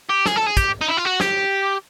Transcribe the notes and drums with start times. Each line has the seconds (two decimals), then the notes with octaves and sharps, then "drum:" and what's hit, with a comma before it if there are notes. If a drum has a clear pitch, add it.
0.09 G4
0.26 G#4, drum: snare
0.36 A4
0.46 G#4
0.57 G4, drum: kick, hi-hat
0.81 D#4
0.88 E4
0.97 F4
1.05 F#4
1.20 G4, drum: snare